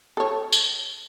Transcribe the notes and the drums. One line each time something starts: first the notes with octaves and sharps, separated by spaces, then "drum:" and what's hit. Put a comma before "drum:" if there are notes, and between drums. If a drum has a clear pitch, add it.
A4 C#5
drum: tambourine